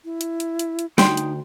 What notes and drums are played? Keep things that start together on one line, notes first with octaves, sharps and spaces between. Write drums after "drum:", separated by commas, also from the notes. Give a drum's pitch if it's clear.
E4
drum: hi-hat
drum: hi-hat
drum: hi-hat
drum: hi-hat
D2 D#4 G5 C6, drum: snare
drum: hi-hat